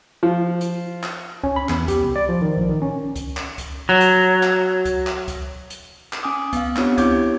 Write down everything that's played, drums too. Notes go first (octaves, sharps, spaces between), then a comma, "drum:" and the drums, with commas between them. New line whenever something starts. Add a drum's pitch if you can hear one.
F3
drum: hi-hat
drum: clap
C#4, drum: kick C#2
B5
E2, drum: clap
G4, drum: kick C#2, hi-hat
C2
D5
F3
D#3
A#1
D#3
C#4
drum: kick C#2, hi-hat
drum: clap
drum: kick C#2, hi-hat
F#3
drum: hi-hat
drum: clap
drum: kick C#2, hi-hat
drum: clap
drum: kick C#2, hi-hat
drum: hi-hat
drum: clap
C#4 G#5 D6 D#6
B3 F5, drum: kick C#2, hi-hat
B3 C4 D4 F4 G4 C#5, drum: clap
E4 G4 C#5 D6 G6 G#6, drum: kick C#2, hi-hat